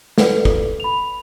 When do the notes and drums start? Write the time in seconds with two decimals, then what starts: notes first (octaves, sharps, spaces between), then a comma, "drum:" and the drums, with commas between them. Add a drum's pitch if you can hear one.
0.18 A4 B4 D5, drum: snare
0.45 drum: kick
0.80 B5 F7